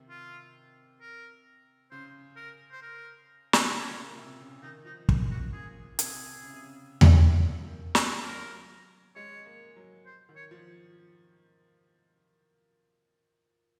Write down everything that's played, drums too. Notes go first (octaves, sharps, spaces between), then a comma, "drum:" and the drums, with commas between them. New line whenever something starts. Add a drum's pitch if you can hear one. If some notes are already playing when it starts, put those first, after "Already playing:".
Already playing: C3 D#3
F4
A#4
C#3 C5
A#4
C5
A#4
drum: snare
C#3 C#4
A#2
C3
C#3
D#3 D#4
F3 D#4
D#3, drum: kick
C#3 F#4
A#2 G#4
C3 G#4, drum: hi-hat
C#3
C3
C#3
drum: tom E2
C#3
D#3
F3, drum: snare
F#3 A#4
G#3 C#5
A#3
F#3
C5
D#3
C#5
F3